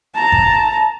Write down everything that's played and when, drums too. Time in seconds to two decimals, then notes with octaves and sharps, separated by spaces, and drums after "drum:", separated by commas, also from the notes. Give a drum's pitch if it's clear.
0.15 A5 A#5
0.32 drum: kick G#1